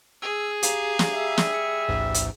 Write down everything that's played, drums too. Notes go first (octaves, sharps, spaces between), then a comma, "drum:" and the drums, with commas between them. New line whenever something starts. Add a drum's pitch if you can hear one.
G#4 E6
G4 F5 A#5, drum: hi-hat
drum: snare
G3 E5
drum: snare
C#7
A1 D2 G#2
drum: hi-hat